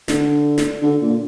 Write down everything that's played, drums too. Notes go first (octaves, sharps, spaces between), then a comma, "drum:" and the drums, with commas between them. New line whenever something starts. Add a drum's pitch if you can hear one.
D3, drum: snare
drum: snare
D3
A#2